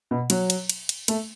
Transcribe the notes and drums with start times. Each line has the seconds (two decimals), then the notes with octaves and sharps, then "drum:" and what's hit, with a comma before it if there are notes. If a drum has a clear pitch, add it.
0.11 B2
0.30 F#3, drum: cymbal
0.50 drum: cymbal
0.69 drum: cymbal
0.89 drum: cymbal
1.08 A3, drum: cymbal